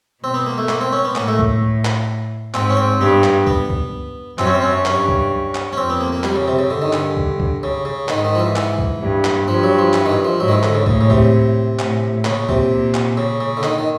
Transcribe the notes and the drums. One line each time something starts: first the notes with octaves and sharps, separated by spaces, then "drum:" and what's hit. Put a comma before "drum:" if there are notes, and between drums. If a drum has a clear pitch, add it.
B2 C4
B3
A#3
A3
A#3, drum: clap
C4
C#4
B3
A2 A#3, drum: clap
A3
drum: kick C#2
drum: clap
G#2 C4, drum: clap
C#4
C4
G2 B3
drum: clap
B3, drum: kick C#2
drum: kick C#2
F#2 C4, drum: clap
C#4
C4
C#4
G2 C#4, drum: clap
drum: kick C#2
drum: clap
C#4
F2 C4
B3
A#3
A#3
G3, drum: clap
C#3
C3
C#3
G2 D3
D#3
D3, drum: clap
drum: kick C#2
drum: kick C#2
C#3
C#3
G#2 D#3, drum: clap
D#3
F3
E3
E3, drum: clap
drum: kick C#2
G2
drum: clap
G2 F3
F#3
F3
E3, drum: clap
D#3
E3
F3
G#2 F#3
D#3
E3
D3, drum: clap
C#3
A2 C#3, drum: kick C#2
C#3
C3, drum: kick C#2
A2, drum: clap
A#2 C#3, drum: clap
C3, drum: kick C#2
drum: clap
C#3
C#3
D3
D#3, drum: clap
D#3